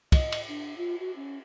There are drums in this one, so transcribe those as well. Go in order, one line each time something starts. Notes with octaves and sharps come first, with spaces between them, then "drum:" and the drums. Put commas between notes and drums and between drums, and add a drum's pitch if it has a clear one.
D#5, drum: kick, cymbal
drum: cymbal
D4
F4
F#4
C#4